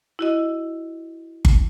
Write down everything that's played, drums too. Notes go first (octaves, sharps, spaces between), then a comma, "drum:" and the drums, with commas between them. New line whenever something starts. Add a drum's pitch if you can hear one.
E4 F#4 D#5
drum: kick G1